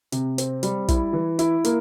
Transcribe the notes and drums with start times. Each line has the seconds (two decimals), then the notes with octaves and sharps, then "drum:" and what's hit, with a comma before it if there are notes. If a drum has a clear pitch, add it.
0.12 C3, drum: hi-hat
0.38 C4, drum: hi-hat
0.63 G3, drum: hi-hat
0.88 E4, drum: kick, hi-hat
1.13 E3
1.39 E4, drum: hi-hat
1.64 A#3, drum: hi-hat